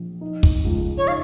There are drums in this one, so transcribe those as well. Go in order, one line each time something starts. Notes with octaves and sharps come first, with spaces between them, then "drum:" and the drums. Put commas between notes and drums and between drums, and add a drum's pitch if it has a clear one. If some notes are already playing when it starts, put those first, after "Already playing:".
Already playing: A#1
D#4
drum: kick
C#2
C#5
D#4 F5